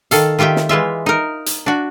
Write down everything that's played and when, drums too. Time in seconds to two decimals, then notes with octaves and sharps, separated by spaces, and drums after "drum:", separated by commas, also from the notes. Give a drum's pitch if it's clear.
0.11 D#3 A4 F5, drum: hi-hat
0.39 D#3 F4 G4 E5 G5
0.56 drum: snare
0.69 E3 G#3 F4 E5
1.06 D#4 A#4
1.46 drum: hi-hat
1.66 D4 F#4